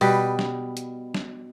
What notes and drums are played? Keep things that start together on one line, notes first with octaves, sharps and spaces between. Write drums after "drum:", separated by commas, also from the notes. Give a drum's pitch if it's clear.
B2 G3 B4, drum: open hi-hat
drum: snare
drum: hi-hat
drum: snare